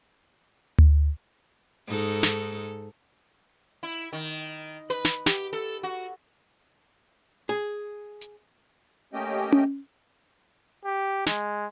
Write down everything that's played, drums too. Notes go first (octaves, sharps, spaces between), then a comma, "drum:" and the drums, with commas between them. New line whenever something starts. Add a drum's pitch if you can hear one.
drum: tom D2
G#2 D#4 A4
drum: snare
E4
D#3
B4, drum: hi-hat
drum: snare
G4, drum: snare
A4
F#4
G#4
drum: hi-hat
A3 A#3 C#4 G4 D#5 G5
drum: tom C#4
G4
G#3, drum: snare